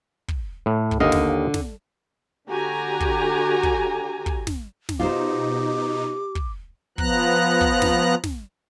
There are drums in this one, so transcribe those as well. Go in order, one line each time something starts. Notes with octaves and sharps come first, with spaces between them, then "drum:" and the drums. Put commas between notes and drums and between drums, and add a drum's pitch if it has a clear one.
drum: kick
A2
drum: kick
D#2 D3 D#5 F5
drum: snare
drum: snare
D3 F#4 G4 G#5 A#5
drum: kick
drum: kick
drum: kick
drum: snare
drum: snare
B2 D#4 F4 G4 C5 D6
drum: kick
F3 B3 A#5 F#6, drum: kick
drum: kick
drum: snare
drum: snare